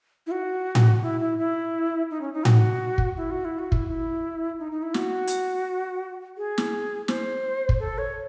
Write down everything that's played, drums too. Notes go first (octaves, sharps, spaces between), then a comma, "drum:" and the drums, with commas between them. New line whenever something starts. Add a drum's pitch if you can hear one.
E4
F#4
drum: tom A2
E4
E4
E4
D#4
C#4
D#4
F#4, drum: tom A2
drum: kick
E4
F#4
E4
F#4
E4, drum: kick
E4
D#4
D#4
E4
F#4, drum: snare
drum: hi-hat
G#4
drum: snare
C5, drum: snare
drum: kick
A4
C#5